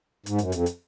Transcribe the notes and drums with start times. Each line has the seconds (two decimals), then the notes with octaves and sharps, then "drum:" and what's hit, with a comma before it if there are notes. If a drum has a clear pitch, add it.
0.26 G#2, drum: hi-hat
0.38 F#2, drum: hi-hat
0.52 F2, drum: hi-hat
0.66 drum: hi-hat